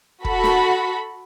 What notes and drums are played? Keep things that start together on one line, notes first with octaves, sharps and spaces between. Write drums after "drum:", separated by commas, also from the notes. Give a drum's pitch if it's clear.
F#4 A4 B5, drum: kick
drum: snare